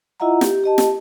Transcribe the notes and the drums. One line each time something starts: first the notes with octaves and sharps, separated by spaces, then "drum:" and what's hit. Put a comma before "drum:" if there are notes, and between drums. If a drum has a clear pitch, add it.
E4 F4 D#5 E5 F#5 A#5
G4, drum: snare
G4 D#5 A5
drum: snare